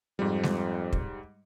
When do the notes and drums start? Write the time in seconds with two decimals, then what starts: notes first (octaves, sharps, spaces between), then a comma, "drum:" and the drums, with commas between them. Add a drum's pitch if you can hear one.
0.19 F2 G#2 G3
0.43 drum: snare G#3
0.93 drum: kick